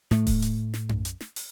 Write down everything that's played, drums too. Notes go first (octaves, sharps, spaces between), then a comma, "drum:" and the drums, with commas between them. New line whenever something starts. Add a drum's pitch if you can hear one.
A2 A3, drum: snare
drum: kick D#1, open hi-hat
drum: hi-hat
drum: snare
drum: tom F#2
drum: hi-hat
drum: snare
drum: open hi-hat